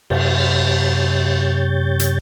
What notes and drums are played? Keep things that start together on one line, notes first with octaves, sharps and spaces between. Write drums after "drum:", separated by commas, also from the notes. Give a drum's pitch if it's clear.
F#2 C3 G4 C#5 G6 A6, drum: cymbal
drum: hi-hat